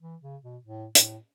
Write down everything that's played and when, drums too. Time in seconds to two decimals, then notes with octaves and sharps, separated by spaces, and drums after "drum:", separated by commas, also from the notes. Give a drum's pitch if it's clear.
0.01 E3
0.22 C#3
0.43 B2
0.64 A2
0.95 A2, drum: hi-hat